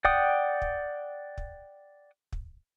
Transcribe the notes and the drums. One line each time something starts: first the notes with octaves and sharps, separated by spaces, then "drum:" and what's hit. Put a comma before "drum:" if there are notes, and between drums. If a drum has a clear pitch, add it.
D5 F#5 G5 D#6, drum: kick
drum: kick
drum: kick
drum: kick